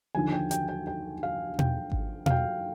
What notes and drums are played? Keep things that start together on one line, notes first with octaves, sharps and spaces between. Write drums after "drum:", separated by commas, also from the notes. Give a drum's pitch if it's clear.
D#2 D3 F3 G#5
G5
G5, drum: hi-hat
G5
G5
F5
G5, drum: tom B2
drum: kick G#1
F5, drum: tom B2
G5